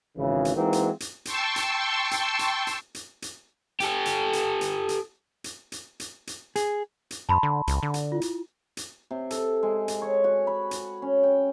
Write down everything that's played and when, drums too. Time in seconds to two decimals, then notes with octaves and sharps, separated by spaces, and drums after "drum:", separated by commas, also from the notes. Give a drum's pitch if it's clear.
0.17 G#1 C#3 E3
0.45 drum: hi-hat
0.55 E3 G#3 A#3 C4 D#4 F#4
0.73 drum: hi-hat
1.00 drum: hi-hat
1.25 G5 A5 C6 C#6 E6, drum: hi-hat
1.56 drum: hi-hat
2.11 drum: hi-hat
2.39 drum: hi-hat
2.67 drum: hi-hat
2.95 drum: hi-hat
3.22 drum: hi-hat
3.80 G4 A4, drum: hi-hat
4.05 drum: hi-hat
4.33 drum: hi-hat
4.61 drum: hi-hat
4.89 drum: hi-hat
5.44 drum: hi-hat
5.72 drum: hi-hat
6.00 drum: hi-hat
6.27 drum: hi-hat
6.56 G#4, drum: hi-hat
7.11 drum: hi-hat
7.29 F#2 A5 B5 C6
7.43 D3
7.67 C#2, drum: hi-hat
7.83 D3
7.94 drum: hi-hat
8.12 E4 F4
8.21 drum: hi-hat
8.77 drum: hi-hat
9.11 C3
9.30 A4, drum: hi-hat
9.63 G#3
9.88 drum: hi-hat
10.02 C#5
10.24 F#4
10.47 B5
10.71 drum: hi-hat
11.02 C#4
11.23 G5